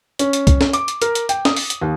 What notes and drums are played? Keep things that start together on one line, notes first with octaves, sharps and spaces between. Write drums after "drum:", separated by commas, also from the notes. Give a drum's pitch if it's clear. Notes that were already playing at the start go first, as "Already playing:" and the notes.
C#4, drum: hi-hat
drum: hi-hat
drum: kick, hi-hat
drum: snare C#4
D6, drum: hi-hat
drum: hi-hat
A#4, drum: hi-hat
drum: hi-hat
G5, drum: hi-hat
D#6, drum: snare C#4
drum: open hi-hat
drum: hi-hat
D#2